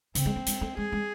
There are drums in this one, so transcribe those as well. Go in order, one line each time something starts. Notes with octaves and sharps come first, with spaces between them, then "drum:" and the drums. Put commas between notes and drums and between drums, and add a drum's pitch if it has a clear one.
C#3 C4, drum: hi-hat
G#3
A3
G#3, drum: hi-hat
A3
G#3 G#4
G#3